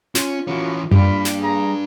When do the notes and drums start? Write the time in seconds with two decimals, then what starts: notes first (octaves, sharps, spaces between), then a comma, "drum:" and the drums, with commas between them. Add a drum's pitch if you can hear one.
0.15 C#4 F4, drum: snare
0.47 E3 A#3 C#4 F#4
0.91 G3 A#3 D4 F4 G4 B5, drum: tom F#2
1.25 drum: snare
1.40 G#4 A#5